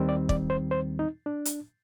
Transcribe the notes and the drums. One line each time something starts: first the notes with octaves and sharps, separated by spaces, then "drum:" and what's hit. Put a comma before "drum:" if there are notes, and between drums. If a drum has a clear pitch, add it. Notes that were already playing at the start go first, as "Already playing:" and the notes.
Already playing: D#2 D#3 G3 C4
D5
D5, drum: kick
C5
C5
D#4
D4
drum: hi-hat